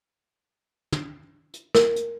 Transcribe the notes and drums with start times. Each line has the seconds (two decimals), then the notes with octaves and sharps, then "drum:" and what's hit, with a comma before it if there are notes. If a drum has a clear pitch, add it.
0.92 drum: tom
1.54 drum: hi-hat
1.75 A#4, drum: snare
1.96 drum: hi-hat